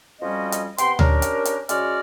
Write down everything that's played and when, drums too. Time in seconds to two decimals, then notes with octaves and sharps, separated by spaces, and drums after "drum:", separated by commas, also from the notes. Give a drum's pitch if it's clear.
0.20 F2 F3 G3 C#4 F#4 D#5
0.52 drum: hi-hat
0.78 C3 B3 G5 C6, drum: hi-hat
0.99 C#4 D4 G4 A#4, drum: tom D2
1.22 drum: hi-hat
1.45 drum: hi-hat
1.69 C#3 G#3 C#4 F#4 D5 F6, drum: hi-hat